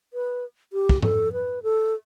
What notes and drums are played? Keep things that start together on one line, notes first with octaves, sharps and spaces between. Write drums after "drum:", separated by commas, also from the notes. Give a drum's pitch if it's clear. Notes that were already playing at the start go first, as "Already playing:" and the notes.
B4
G4
drum: kick
A4, drum: tom G#2
B4
A4